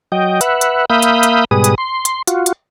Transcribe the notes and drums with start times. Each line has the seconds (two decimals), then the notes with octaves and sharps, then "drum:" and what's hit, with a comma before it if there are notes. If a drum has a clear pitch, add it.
0.12 F#3 D#5 G5
0.41 B4 E5 F#5, drum: hi-hat
0.61 drum: hi-hat
0.90 A#3 E5 F5 B5 D#6 G6
1.02 drum: hi-hat
1.23 drum: hi-hat
1.51 G#2 B2 G3 G#4 B4 D#6
1.64 drum: hi-hat
1.78 C6
2.05 drum: hi-hat
2.28 F4 F#4, drum: hi-hat
2.46 drum: hi-hat